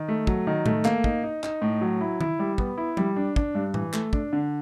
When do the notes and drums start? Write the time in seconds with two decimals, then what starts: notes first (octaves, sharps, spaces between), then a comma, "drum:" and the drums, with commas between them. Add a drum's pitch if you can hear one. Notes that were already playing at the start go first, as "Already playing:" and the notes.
Already playing: D#3
0.08 A3
0.27 F#3, drum: kick
0.47 D#3
0.66 A3, drum: tom A2
0.85 A#3, drum: clap
1.04 D#4, drum: kick
1.23 D#4
1.43 D#4, drum: clap
1.62 A2
1.81 F#3
2.01 E4
2.21 E4, drum: tom D#3
2.39 G3
2.58 B3, drum: kick
2.78 E4
2.97 G3, drum: tom F3
3.16 D4
3.36 D4, drum: kick
3.55 G2
3.74 E3, drum: tom A2
3.93 A3, drum: clap
4.13 D4, drum: kick
4.33 D3